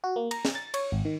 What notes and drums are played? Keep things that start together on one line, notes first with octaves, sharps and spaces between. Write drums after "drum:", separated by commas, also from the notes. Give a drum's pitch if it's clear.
F#4
A#3
A#5, drum: cymbal
drum: snare
A6
C#5, drum: cymbal
G#1
D#3